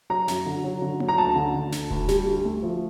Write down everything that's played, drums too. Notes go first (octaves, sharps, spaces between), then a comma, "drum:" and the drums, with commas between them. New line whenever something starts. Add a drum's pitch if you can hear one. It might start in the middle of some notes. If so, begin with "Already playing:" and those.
F#3 A#5
F#2, drum: snare
D3
F#3
D3
F#3, drum: tom A#3
A#5
D2 A5
D3
D3
D2, drum: snare
D2, drum: kick E1
G3, drum: snare
D2
A3
F3